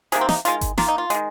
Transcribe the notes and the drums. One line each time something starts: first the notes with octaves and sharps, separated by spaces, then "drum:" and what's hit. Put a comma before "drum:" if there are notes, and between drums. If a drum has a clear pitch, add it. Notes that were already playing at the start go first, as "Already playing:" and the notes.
C3 D#3 A#3 G#4, drum: hi-hat
C4
D#4, drum: snare
D#3 G#3 F4, drum: hi-hat
drum: kick G1, hi-hat
D#3 A#3 F4, drum: snare
D#4
F4
D#3 G#3, drum: hi-hat